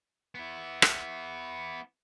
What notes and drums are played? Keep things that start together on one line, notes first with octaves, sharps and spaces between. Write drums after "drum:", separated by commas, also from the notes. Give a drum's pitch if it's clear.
B3 E4
drum: rim click